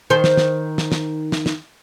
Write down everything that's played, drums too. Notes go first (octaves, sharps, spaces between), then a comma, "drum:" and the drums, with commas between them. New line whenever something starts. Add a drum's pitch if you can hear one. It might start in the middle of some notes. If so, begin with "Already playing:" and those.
D#3 C5
drum: snare
drum: snare
drum: snare
drum: snare
drum: snare
drum: snare